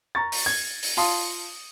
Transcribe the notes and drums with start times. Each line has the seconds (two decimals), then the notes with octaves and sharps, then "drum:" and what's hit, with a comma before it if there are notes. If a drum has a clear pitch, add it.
0.15 A#5 C#6 A6
0.32 drum: open hi-hat
0.46 G#6
0.83 drum: open hi-hat
0.97 F4 F5 A5 C6 D#6, drum: open hi-hat